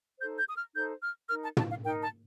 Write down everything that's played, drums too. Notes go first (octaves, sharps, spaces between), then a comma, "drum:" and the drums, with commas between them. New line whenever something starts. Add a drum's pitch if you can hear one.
D#4 A4 C5 G6
G6
D#6
F6
D#4 A4 C5 G6
F6
D#4 A#4 F6
A5
A5, drum: tom
F5
D#4 A#4 G5
A5